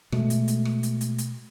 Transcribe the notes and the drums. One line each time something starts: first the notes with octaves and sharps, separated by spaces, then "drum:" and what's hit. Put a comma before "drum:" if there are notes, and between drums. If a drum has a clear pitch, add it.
B2 G#3 A3, drum: rim click
drum: hi-hat
drum: hi-hat
drum: rim click
drum: hi-hat
drum: hi-hat
drum: hi-hat